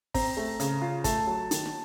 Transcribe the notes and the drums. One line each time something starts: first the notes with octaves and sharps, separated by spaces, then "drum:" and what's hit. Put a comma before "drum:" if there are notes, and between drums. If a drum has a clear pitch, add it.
C4 A#5, drum: kick, open hi-hat
A3
C#3, drum: hi-hat
F4
A3 A5, drum: kick, hi-hat
F#3
D#3, drum: hi-hat
drum: snare